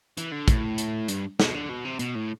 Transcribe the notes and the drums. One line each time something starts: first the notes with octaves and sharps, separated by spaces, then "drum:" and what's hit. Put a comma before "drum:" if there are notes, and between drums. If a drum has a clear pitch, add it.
E3, drum: hi-hat
D3
A2, drum: kick, hi-hat
drum: hi-hat
G2, drum: hi-hat
B2, drum: snare
D3
B2
C3
B2, drum: hi-hat
A2